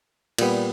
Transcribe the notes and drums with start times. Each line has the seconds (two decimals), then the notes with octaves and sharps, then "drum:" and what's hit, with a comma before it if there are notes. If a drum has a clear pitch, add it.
0.38 A#2 G3 B3, drum: cymbal